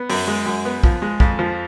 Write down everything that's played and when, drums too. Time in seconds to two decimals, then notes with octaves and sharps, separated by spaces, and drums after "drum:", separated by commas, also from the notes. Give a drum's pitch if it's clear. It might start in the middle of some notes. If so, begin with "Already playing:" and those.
Already playing: B3
0.10 F#2, drum: open hi-hat
0.27 G#3
0.46 F#2
0.65 B3
0.83 F3, drum: kick
1.02 G#3
1.20 F2, drum: kick
1.39 F3